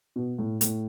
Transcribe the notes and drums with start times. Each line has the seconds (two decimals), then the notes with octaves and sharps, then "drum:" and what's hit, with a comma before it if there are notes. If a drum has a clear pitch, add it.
0.16 B2
0.38 A2
0.61 A2, drum: hi-hat